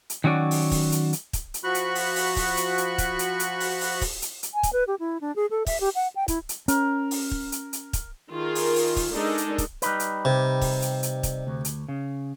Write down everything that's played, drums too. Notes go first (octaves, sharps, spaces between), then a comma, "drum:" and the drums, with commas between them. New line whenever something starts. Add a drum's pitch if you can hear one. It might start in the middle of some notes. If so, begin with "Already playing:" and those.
drum: hi-hat
D#3 F#3 C#4 F#4 D5
drum: open hi-hat
drum: kick, open hi-hat
drum: hi-hat
drum: hi-hat
drum: kick, hi-hat
drum: hi-hat
F3 F#4 B5 C#6 F#6
drum: hi-hat
drum: open hi-hat
drum: open hi-hat
drum: kick, open hi-hat
drum: hi-hat
drum: hi-hat
drum: kick, hi-hat
drum: hi-hat
drum: hi-hat
drum: open hi-hat
drum: open hi-hat
drum: kick, open hi-hat
drum: hi-hat
drum: hi-hat
G#5
drum: kick, hi-hat
B4
G4
E4
D4
G#4
A4
E5, drum: kick, open hi-hat
G4
F#5
G5
E4, drum: kick, hi-hat
drum: hi-hat
C#4 A#4, drum: hi-hat
drum: open hi-hat
drum: kick
drum: hi-hat
drum: hi-hat
drum: kick, hi-hat
D#3 F4 G#4 A#4
drum: open hi-hat
drum: open hi-hat
drum: kick, open hi-hat
G#3 D4 D#4 A4 A#4
drum: hi-hat
drum: kick, hi-hat
G3 D#4 B4, drum: hi-hat
drum: hi-hat
C3
drum: kick, open hi-hat
drum: hi-hat
drum: hi-hat
drum: kick, hi-hat
D2
drum: hi-hat
C#3